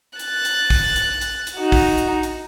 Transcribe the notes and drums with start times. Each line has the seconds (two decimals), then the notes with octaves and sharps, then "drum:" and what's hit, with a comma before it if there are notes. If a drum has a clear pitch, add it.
0.19 F#6 A6, drum: hi-hat
0.45 drum: hi-hat
0.70 drum: kick, open hi-hat
0.96 drum: hi-hat
1.21 drum: hi-hat
1.47 drum: hi-hat
1.56 D#4 F#4
1.72 drum: kick, open hi-hat
1.98 drum: hi-hat
2.23 drum: hi-hat